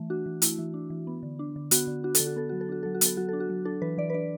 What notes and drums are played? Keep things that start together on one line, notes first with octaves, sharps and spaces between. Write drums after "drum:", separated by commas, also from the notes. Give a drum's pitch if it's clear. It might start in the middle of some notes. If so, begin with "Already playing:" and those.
Already playing: E3 A3
D4 F#4
E3
A3 E4, drum: hi-hat
E3
D4
E3
B3
D3
D4
D3
B3 F#4, drum: hi-hat
D3
D4 F#4
D3 A4, drum: hi-hat
F#4
B3 A4
F#3 F#4
A4
D4 F#4
F#3 A4
F#4
B3 A4, drum: hi-hat
F#3 F#4
D4 A4
F#4
F#3
D4 A4
E3 B4
E3 D5
B4
D4 D5